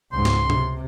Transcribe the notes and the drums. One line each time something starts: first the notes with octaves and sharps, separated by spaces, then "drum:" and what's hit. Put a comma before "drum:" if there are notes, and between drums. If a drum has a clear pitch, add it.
C#2 G#2 C6
drum: snare
C3, drum: tom G#2